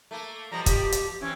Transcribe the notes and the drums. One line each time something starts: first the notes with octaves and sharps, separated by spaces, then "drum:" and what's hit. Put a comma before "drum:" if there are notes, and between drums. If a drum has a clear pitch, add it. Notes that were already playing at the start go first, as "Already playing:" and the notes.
A3 A#3
B2 F3 G3 A#5
G4, drum: kick, hi-hat
drum: hi-hat
E3 C4 C#4